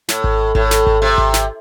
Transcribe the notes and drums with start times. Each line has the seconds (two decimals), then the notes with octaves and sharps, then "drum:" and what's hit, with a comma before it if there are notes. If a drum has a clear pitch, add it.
0.09 A2, drum: snare
0.24 drum: kick G#1
0.55 A2, drum: kick G#1
0.71 drum: snare
0.87 drum: kick G#1
1.02 C3
1.18 drum: kick G#1
1.34 drum: snare